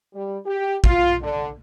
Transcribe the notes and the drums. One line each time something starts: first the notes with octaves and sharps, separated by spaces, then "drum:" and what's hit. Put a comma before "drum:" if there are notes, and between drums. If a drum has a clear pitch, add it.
G3
G4
F4, drum: kick
D3